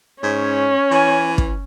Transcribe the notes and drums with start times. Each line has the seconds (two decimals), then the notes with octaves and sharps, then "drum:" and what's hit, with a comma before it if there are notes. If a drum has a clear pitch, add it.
0.23 G#2 C#4 C#5
0.91 E3 G#5
1.38 drum: kick